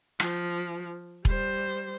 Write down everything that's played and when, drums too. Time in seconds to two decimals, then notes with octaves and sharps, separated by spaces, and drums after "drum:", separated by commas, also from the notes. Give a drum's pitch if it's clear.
0.20 F3, drum: rim click
1.25 G3 C5, drum: kick E1